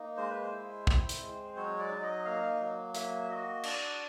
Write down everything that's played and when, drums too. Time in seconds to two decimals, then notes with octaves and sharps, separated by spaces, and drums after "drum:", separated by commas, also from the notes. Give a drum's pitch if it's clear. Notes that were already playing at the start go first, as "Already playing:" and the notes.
Already playing: A#3 D#4
0.17 G#3 C5
0.30 B4
0.43 C5
0.52 E4
0.87 C4, drum: kick
1.09 drum: hi-hat
1.21 G#3
1.56 F#3 C#5
1.79 D5
1.91 D#4
2.03 D#5
2.25 A#3 F5
2.60 F#3
2.95 A#3 E5, drum: hi-hat
3.29 F#4 D#5
3.64 D4 D5, drum: cymbal